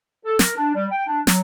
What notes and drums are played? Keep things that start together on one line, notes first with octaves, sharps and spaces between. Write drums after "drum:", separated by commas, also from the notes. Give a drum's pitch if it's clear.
A4
A#4, drum: snare
D4
G3
G5
D4
F#3, drum: snare